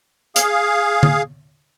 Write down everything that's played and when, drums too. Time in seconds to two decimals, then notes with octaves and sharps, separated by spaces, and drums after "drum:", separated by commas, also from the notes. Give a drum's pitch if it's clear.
0.36 G#4 F5, drum: hi-hat
1.03 drum: tom D3